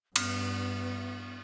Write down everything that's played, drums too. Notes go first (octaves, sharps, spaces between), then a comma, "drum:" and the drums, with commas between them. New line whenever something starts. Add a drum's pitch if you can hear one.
G2 B3, drum: cymbal